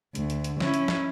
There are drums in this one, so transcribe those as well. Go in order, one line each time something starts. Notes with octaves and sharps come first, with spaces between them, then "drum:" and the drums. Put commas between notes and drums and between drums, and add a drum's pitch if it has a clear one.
D2, drum: hi-hat
drum: hi-hat
drum: hi-hat
C#4 E4, drum: snare
drum: hi-hat
drum: snare